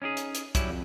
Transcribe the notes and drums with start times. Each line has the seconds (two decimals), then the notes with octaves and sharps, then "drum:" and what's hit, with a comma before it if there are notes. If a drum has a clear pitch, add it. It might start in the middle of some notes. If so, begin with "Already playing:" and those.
0.02 C#4 D#4 G4 G#4
0.17 drum: hi-hat
0.35 drum: hi-hat
0.55 F#3 G3 C#4 E4, drum: kick, hi-hat
0.70 F2